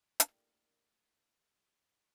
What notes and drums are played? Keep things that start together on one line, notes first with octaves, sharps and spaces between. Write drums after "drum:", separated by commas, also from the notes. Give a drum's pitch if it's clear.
A3 A#3 D4 E4 G4 A#4, drum: hi-hat